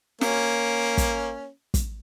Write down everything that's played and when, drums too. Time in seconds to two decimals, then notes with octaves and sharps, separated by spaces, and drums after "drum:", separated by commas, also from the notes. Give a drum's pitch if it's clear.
0.21 A#3 C#4, drum: snare
0.98 drum: kick, hi-hat
1.74 drum: kick, hi-hat